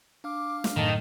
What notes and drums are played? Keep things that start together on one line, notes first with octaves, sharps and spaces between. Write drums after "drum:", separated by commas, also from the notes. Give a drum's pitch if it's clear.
D4 F5 D6 F6
drum: snare
F#2 A2 D#3 A4